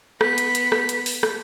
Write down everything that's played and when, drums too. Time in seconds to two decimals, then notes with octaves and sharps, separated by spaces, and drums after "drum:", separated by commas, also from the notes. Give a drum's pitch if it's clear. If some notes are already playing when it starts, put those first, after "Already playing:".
0.21 B3 B6, drum: rim click
0.38 drum: hi-hat
0.55 drum: hi-hat
0.72 drum: rim click
0.89 drum: hi-hat
1.06 drum: open hi-hat
1.23 drum: rim click